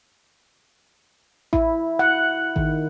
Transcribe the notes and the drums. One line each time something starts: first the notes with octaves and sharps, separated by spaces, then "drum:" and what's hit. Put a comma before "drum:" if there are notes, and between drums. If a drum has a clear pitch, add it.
E4, drum: kick A1
F#5
D#3, drum: kick A1